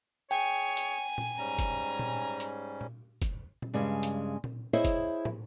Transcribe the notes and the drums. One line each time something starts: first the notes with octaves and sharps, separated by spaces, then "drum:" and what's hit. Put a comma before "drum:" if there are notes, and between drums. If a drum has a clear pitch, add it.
G#4 C#5 G5 G#5
drum: hi-hat
drum: tom A#2
G#2 G3 C#4 A#5
drum: kick, hi-hat
drum: tom A#2
drum: hi-hat
drum: tom A#2
drum: kick, hi-hat
drum: tom A#2
G2 C#3 G3 G#3
drum: hi-hat
drum: tom A#2
E4 G#4 C5 C#5 D#5 E5
drum: kick, hi-hat
drum: tom